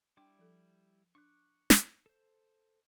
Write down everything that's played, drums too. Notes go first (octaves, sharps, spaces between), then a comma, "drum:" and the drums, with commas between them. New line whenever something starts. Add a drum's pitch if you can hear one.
G3 D4 E4 G5 D6
F3 A4
D4 C#6 D6 F#6
drum: snare
A4 C5